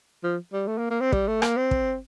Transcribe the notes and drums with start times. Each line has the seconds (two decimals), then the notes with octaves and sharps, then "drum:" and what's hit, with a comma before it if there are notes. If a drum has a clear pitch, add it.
0.23 F3
0.53 G3
0.67 A3
0.78 A#3
0.90 A#3
1.01 C4
1.12 G3, drum: kick
1.27 A3
1.42 A#3, drum: rim click
1.57 C4
1.71 drum: kick